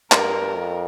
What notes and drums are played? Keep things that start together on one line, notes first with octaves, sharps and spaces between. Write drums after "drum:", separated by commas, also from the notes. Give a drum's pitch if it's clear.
G2 A#4, drum: clap
F2